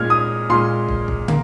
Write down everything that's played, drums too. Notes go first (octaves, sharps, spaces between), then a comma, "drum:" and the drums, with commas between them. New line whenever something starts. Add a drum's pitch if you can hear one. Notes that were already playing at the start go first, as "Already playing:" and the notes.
Already playing: A#2 G#3 F6 G#6
D#6
A#2 G#3 C6
drum: kick
drum: kick
A#3, drum: tom